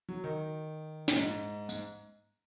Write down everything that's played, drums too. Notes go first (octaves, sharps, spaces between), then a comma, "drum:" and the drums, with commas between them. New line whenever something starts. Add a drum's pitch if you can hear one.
F#3
D#3
A#2, drum: snare
G#2
G#2, drum: tambourine